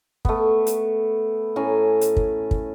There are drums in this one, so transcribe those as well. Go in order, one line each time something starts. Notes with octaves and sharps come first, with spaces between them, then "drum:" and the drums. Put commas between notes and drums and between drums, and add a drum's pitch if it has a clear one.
A3 B3, drum: kick
drum: hi-hat
A2 C#4 G#5 A#5
drum: hi-hat
drum: kick
drum: kick